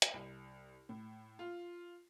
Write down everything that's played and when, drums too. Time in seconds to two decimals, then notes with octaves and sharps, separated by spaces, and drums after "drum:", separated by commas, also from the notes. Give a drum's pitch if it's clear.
0.02 drum: hi-hat
0.14 C2
0.89 A2
1.39 F4